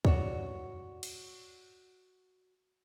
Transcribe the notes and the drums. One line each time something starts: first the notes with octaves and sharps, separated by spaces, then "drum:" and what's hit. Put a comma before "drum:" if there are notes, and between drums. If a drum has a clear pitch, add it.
F#4 C#5 D5, drum: kick
drum: cymbal